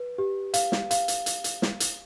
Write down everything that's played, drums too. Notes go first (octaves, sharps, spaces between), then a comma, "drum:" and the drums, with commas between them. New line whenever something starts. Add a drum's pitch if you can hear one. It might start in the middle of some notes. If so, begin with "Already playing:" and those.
Already playing: B4
G4
F5, drum: hi-hat
drum: snare
F5, drum: hi-hat
drum: hi-hat
drum: hi-hat
drum: hi-hat
drum: snare
drum: hi-hat